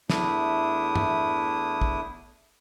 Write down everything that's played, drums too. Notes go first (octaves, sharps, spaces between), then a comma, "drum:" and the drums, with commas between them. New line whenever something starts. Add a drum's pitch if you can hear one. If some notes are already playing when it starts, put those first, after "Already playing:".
E2 A3 D4 E4 D#6, drum: snare
drum: tom G2
drum: kick